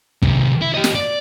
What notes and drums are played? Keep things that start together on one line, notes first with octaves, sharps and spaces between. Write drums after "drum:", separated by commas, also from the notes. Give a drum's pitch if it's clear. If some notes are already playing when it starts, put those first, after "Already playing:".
C3 D#3, drum: kick
E4
G4 D#5
drum: snare
D5